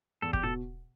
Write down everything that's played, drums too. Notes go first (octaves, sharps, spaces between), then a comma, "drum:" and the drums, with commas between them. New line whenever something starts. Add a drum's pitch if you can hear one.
E2 A4
G4, drum: kick
B2 A4